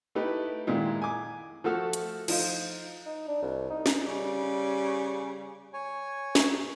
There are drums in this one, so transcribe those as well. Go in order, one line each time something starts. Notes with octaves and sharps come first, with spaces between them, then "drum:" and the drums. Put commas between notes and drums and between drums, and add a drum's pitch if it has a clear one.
A3 D#4 E4 G4 B4
A#2 D#3 G#3 E4 F4
G#5 D6
F3 A3 F#4 A4 F6
drum: hi-hat
F3 D#4 C5 F5, drum: cymbal
D#4
D4
C2
D#4
drum: snare
C#3 G3
C#5 G#5
drum: snare